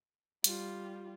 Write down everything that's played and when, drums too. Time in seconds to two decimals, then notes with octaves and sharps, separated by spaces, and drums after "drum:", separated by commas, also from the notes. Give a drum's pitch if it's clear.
0.44 G3 F4, drum: hi-hat